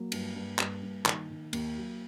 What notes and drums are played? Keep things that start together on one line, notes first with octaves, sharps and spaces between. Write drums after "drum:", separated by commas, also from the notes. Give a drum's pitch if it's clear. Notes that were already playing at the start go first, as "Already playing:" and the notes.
Already playing: F#3 A#3
G2, drum: cymbal
G2
G2, drum: clap
G2
D#3, drum: clap
D#3
D#2 A#3, drum: cymbal
F#3